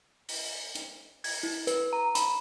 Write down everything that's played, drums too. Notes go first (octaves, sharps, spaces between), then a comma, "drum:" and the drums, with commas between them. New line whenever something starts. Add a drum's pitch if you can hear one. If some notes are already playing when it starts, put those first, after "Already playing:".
drum: open hi-hat
drum: hi-hat
G#6, drum: open hi-hat
E4
B4, drum: hi-hat
A#5
B5, drum: hi-hat